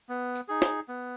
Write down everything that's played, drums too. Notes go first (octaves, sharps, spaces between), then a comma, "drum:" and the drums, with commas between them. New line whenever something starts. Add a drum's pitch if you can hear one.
B3
drum: tambourine
D#4 G#4
drum: snare
B3